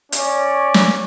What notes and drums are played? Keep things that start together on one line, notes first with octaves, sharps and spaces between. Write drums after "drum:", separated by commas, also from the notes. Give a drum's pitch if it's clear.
C#4 C#5 D5, drum: hi-hat
drum: snare